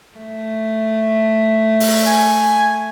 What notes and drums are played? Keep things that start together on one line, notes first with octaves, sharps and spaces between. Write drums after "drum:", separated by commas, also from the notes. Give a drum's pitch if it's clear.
A3
drum: open hi-hat
G#5